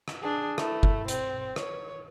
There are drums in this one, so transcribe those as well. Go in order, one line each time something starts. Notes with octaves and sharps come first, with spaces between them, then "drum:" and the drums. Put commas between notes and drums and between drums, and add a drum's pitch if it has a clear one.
drum: rim click
D4 G#4
A3 E4, drum: rim click
drum: kick F#1
C4, drum: hi-hat
C#5, drum: rim click